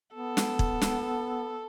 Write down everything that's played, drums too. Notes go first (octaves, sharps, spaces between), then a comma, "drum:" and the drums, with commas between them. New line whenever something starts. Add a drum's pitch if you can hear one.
B3 A4
drum: snare
drum: kick
drum: snare